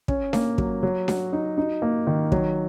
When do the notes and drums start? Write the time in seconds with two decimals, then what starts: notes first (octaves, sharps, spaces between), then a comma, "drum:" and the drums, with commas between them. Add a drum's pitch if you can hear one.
0.08 C#4, drum: kick
0.33 A#3, drum: snare D4
0.58 F#3, drum: kick
0.83 F#3
1.08 F#4, drum: snare D4
1.33 D#4
1.58 D#4
1.82 A#3
2.07 D#3
2.32 F#3, drum: kick